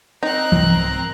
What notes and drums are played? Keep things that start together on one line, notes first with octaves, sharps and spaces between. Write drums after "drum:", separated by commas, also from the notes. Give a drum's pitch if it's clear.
C4 D#4 A#4 A#5 F#6
C2 G#2 C3, drum: tom E3